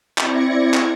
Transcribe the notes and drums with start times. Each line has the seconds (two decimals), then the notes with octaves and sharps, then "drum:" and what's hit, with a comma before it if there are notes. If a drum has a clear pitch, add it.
0.18 C4 E4 D5 G#6 A#6 C#7, drum: clap
0.74 drum: clap